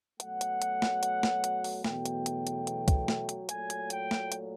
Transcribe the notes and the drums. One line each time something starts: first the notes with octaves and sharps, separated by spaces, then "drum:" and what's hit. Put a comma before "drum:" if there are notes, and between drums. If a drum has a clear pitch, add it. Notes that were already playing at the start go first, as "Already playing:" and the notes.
B2 F#3 A3 F#5, drum: hi-hat
drum: hi-hat
drum: hi-hat
drum: snare
drum: hi-hat
drum: snare
drum: hi-hat
drum: open hi-hat
E2 B2 F#3 A3 G5, drum: snare
drum: hi-hat
drum: hi-hat
drum: hi-hat
drum: hi-hat
drum: kick, hi-hat
drum: snare
drum: hi-hat
A#2 F#3 A3 G#5, drum: hi-hat
drum: hi-hat
G5, drum: hi-hat
drum: snare
drum: hi-hat